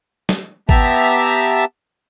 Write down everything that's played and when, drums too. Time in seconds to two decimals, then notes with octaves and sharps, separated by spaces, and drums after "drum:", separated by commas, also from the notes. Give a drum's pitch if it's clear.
0.29 drum: snare
0.69 B3 G4 E5 A5 A#5, drum: kick G#1